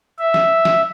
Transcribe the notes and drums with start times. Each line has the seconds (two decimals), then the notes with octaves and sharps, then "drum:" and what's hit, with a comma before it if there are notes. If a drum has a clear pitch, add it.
0.19 E5
0.34 drum: snare
0.65 drum: snare